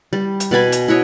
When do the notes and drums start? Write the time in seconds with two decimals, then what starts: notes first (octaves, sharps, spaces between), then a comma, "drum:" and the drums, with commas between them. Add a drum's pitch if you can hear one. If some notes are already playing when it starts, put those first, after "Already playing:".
0.13 G3
0.40 drum: hi-hat
0.51 B2 D5 G#5 B5
0.72 drum: hi-hat
0.88 E4 F#4 C#5 D#5